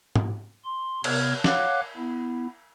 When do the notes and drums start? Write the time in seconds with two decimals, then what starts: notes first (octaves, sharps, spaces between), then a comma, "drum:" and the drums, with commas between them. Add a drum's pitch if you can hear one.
0.16 drum: tom G#2
0.64 C6
1.04 C3 B3 F6 G#6, drum: cymbal
1.44 C#5 F5 F#5 D6 F#6, drum: snare
1.96 B3 E4